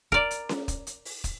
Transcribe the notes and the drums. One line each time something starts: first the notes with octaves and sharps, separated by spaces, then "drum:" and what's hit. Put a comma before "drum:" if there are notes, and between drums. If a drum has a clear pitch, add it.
A#4 D5, drum: kick
drum: hi-hat
drum: snare C#4
drum: kick, hi-hat
drum: hi-hat
drum: open hi-hat
drum: kick, hi-hat